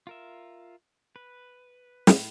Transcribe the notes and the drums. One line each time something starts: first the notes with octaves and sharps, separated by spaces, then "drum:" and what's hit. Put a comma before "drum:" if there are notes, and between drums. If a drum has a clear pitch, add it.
F4 A#4 E5
B4
A2, drum: snare